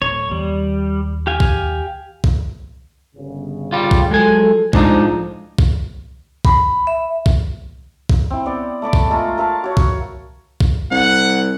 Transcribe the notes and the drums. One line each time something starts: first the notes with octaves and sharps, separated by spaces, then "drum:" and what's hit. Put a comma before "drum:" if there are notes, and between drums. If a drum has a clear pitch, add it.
D1 A3 C#5
D#2 G3
G4 F5 G#5
drum: kick
drum: kick
G1 C#3
G3 F4
drum: kick
F3 F#3 G#3 A4 G#5
A2 F3 G#3 D4 D#4, drum: kick
drum: kick
B5, drum: kick
E5
drum: kick
drum: kick
C4 E4
B3 D5
A3 D5 B5 D6
drum: kick
G#3 A3 F4 A#5
A#4 E5 F5 A5
F#4 C#5 F5
drum: kick
drum: kick
C2 F#5